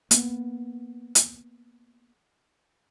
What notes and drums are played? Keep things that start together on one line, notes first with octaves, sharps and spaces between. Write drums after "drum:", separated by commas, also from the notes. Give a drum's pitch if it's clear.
A#3 B3, drum: hi-hat
drum: hi-hat